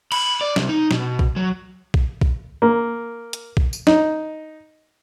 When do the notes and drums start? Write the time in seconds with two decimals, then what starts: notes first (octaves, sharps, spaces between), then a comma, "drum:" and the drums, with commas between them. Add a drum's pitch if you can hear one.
0.12 B5, drum: cymbal
0.41 D5
0.56 C2, drum: snare
0.69 D#4
0.91 B2, drum: snare
1.19 drum: kick A#1
1.36 F#3
1.94 drum: kick A#1
2.21 drum: kick A#1
2.62 A#3
3.33 drum: hi-hat
3.57 drum: kick A#1
3.73 drum: tambourine
3.87 D#4, drum: snare